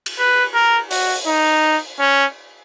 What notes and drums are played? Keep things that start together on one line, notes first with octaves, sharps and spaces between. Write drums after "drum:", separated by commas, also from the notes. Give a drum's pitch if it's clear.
drum: cymbal
B4
A#4
F#4, drum: open hi-hat
D#4
C#4